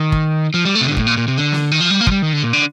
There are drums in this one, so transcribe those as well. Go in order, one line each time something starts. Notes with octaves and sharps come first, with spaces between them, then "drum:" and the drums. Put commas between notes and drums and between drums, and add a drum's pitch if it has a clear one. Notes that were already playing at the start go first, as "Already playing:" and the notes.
Already playing: D#3
drum: kick
F3
G3
A3
C3
D3
G2
A2, drum: kick
A#2
A#2
C3
D3
drum: snare
D#3
F3
G3
A#3
F3, drum: kick
G3
D#3
D3
A#2
D3